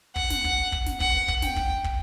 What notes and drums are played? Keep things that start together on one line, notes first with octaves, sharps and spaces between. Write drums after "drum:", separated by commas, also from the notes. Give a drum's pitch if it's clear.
F#5, drum: kick
drum: snare
drum: kick
drum: kick
drum: snare
F#5, drum: kick
drum: kick
G5, drum: snare
drum: kick
drum: kick